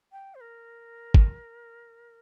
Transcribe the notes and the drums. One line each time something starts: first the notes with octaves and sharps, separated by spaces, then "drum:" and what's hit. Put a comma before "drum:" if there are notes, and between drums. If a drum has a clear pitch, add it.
G5
C5
A#4
drum: kick